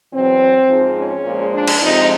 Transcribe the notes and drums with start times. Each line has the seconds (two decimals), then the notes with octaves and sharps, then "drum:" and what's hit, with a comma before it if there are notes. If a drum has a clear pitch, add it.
0.13 E2 B2 F#3 C4
0.69 G#2 F3 G#3
0.97 C#4
1.25 A#2 F3 G#3
1.54 D4
1.68 drum: cymbal
1.82 F2 C3 F3 G#3 D#4